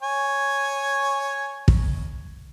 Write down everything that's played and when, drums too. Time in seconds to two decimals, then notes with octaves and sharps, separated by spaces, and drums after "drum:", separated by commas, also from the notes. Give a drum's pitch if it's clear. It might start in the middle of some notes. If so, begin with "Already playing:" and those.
0.03 C#5 G#5
1.68 drum: kick